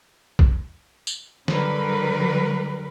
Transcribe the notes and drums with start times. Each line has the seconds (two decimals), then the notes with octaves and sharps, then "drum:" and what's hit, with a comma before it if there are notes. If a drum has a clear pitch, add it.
0.39 drum: kick B1
1.07 drum: tambourine
1.48 D3 F#3 G3 A#4 B4, drum: snare